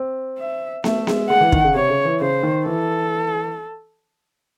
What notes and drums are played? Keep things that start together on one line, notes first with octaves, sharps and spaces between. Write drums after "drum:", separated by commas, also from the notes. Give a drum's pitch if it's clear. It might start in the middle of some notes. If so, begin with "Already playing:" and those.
Already playing: C4
E5
A3 E5, drum: snare B3
G#3, drum: snare B3
G#3 F#5
E3
D#3, drum: kick
C#3
C3 C#5
C#3
E3
C#3 C5
D#3
E3 A4